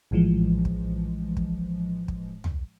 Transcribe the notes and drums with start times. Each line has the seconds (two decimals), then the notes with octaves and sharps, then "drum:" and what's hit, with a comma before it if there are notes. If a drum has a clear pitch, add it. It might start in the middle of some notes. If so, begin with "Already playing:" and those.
0.11 A#1 A2 E3 F3 G#3
0.65 drum: kick
1.37 drum: kick
2.08 drum: kick
2.44 drum: tom